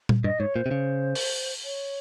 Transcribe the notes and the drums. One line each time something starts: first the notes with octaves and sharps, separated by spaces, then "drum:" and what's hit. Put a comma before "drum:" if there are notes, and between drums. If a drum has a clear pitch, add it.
drum: tom A#2
G2 D#5
G#2 C#5
A#2 C5
C3
C#3
drum: open hi-hat
C#5